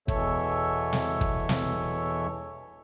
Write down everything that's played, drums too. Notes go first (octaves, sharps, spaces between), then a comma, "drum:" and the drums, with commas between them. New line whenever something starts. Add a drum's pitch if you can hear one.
E2 B2 E3 A4 C#5 E5, drum: kick
drum: snare
drum: kick
drum: snare